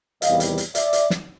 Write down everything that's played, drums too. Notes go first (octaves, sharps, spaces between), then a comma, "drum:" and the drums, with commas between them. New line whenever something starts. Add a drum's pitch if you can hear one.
E2 C3 D#3 G3 D#5 F5, drum: hi-hat
drum: hi-hat
drum: hi-hat
D5 E5, drum: hi-hat
drum: hi-hat
drum: snare